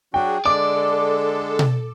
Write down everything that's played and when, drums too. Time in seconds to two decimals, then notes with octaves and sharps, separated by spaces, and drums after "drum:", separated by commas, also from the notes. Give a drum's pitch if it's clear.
0.14 F#3 D4 F#4 G#4 G5
0.46 D3 G#3 D4 A4 D5 D6
1.59 drum: tom B2